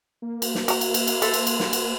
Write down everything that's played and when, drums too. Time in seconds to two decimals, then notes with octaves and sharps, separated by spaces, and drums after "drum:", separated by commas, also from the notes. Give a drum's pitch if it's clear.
0.22 A#3
0.42 drum: cymbal
0.55 drum: snare
0.68 F#4 A#5, drum: cymbal
0.81 drum: cymbal
0.94 drum: cymbal
1.07 drum: cymbal
1.22 A4 B4 E5 C6, drum: cymbal
1.34 drum: cymbal
1.47 drum: cymbal
1.60 drum: snare
1.73 drum: cymbal